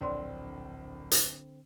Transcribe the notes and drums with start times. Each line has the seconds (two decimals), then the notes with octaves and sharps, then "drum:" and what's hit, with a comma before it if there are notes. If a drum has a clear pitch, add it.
0.01 D1 A#1 D3 C4 C#5 D5 C6
1.11 drum: hi-hat